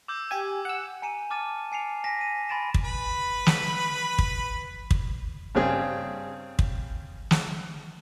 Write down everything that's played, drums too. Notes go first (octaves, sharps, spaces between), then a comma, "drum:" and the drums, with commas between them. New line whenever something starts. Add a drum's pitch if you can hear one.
D6 E6 G6
G4 G#5
F#5 E6
G#5 A#5 C#7 D#7 E7
A5 D6 F6 A6 D#7 E7
G#5 C7 C#7 F7
G#5 A#6 B6 E7
D#7
G#5 B5 C6 A6 D7 E7
drum: kick
B4 B5
drum: snare
drum: kick
drum: kick
G2 C#3 C4 G#4
drum: kick
drum: snare